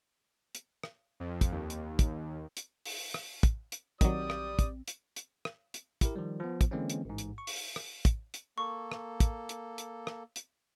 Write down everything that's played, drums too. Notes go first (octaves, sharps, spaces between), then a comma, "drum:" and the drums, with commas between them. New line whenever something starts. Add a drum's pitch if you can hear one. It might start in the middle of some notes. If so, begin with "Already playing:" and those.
drum: hi-hat
drum: rim click
F2
drum: kick, hi-hat
D#2
drum: hi-hat
drum: kick, hi-hat
drum: hi-hat
drum: open hi-hat
drum: rim click
drum: kick, hi-hat
drum: hi-hat
A#1 D#3 F#3 G3 C4 D5 D#6, drum: kick, hi-hat
drum: rim click
drum: kick, hi-hat
drum: hi-hat
drum: hi-hat
drum: rim click
drum: hi-hat
E4 G4 A#4, drum: kick, hi-hat
D#3 F3 G3
F3 B3
drum: kick, hi-hat
D3 E3 G#3 A#3 C4 C#4
drum: hi-hat
A1 G#2
drum: hi-hat
C#6
drum: open hi-hat
drum: rim click
drum: kick, hi-hat
drum: hi-hat
A#3 A4 C#6
drum: rim click
drum: kick, hi-hat
drum: hi-hat
drum: hi-hat
drum: rim click
drum: hi-hat